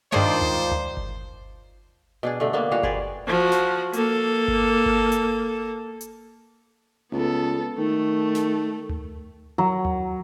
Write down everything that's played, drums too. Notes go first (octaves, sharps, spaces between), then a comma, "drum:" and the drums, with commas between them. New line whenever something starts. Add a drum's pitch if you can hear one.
G2 D#3 F3 G#3 C5 D5
drum: tom D2
drum: tom D2
drum: kick G1
B2 D4 G#4
G2 D3 A3
A#3 B3 D4
A#2 G3 F#4 F5
G#4 B4 C5 D5, drum: kick G1
F3 F#4
drum: snare
A#3 A4, drum: hi-hat
drum: kick G1
drum: kick G1
drum: hi-hat
drum: hi-hat
C#2 B3 A4, drum: tom A3
D#3 A3
drum: snare
drum: tom D2
F#3
drum: tom D2